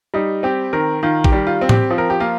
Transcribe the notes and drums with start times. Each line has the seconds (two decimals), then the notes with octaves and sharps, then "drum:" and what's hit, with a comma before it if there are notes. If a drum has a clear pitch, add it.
0.14 G3 D#4
0.43 C4 G4
0.73 D#3 A#4
1.03 D#3 F4
1.24 G4, drum: kick
1.32 G3
1.47 F4
1.61 C4
1.69 G4, drum: tom A2
1.90 F3
1.98 A#4
2.10 G4
2.20 A#3 F4